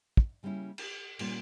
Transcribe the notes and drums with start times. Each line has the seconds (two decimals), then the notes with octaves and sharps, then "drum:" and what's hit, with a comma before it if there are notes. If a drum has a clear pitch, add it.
0.17 drum: kick
0.43 C#3 G3 A#3 C#4 E4
0.78 drum: cymbal
1.19 A#2 G3 A#3 C#4 F4, drum: cymbal